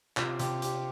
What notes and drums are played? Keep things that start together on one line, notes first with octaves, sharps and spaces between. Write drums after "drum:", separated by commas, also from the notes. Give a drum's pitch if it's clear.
C3 F4, drum: clap
C3 G4, drum: hi-hat
C4 G4, drum: hi-hat